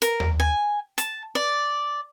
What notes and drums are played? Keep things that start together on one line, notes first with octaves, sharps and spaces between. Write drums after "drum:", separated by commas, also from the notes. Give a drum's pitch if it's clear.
A#4, drum: hi-hat
drum: tom D#2
G#5
A5, drum: hi-hat
D5